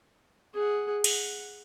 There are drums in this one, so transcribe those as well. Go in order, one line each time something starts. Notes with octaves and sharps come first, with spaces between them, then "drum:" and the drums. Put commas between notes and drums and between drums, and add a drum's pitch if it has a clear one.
G#4 F#5
F#5, drum: cymbal